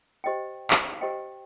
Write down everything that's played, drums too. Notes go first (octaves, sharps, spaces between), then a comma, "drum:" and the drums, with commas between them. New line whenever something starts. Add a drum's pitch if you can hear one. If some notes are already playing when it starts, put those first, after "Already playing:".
G4 C5 D#5 G5
drum: clap
G4 C5 D#5 G5